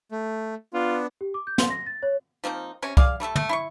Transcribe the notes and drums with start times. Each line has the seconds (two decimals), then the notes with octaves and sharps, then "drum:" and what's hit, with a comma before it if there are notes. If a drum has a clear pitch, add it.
0.11 A3
0.74 B3 D4 F4
1.21 G4
1.34 D6
1.47 G6
1.58 C6, drum: snare
1.70 A#6
1.86 A6
2.03 C#5
2.44 F3 A#3 C4 D#4
2.82 C3 C#4
2.97 G#4 D5 F5, drum: kick C2
3.20 G3 A3 A4 E5
3.36 A3, drum: tom
3.49 E4 C6 C#6